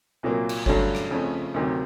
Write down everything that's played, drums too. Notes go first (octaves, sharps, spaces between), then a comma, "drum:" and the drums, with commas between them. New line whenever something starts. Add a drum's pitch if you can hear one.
C2 A#2 F#3 A#3
drum: cymbal
G2 D3 F#3 A3 C#4, drum: kick G1
drum: rim click
F2 C#3 F3 A3 C#4
D2 C3 D#3 F#3